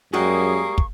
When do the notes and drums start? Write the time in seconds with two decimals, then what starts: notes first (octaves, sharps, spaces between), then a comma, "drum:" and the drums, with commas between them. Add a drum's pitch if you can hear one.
0.13 F#2 G3 G#3 A#3 F#4 G#4 C#6
0.78 drum: kick